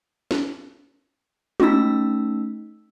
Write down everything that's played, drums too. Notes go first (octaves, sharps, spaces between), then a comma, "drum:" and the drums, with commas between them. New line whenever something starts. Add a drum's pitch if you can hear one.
drum: snare
A3 C#4 D#4 E6 B6, drum: tom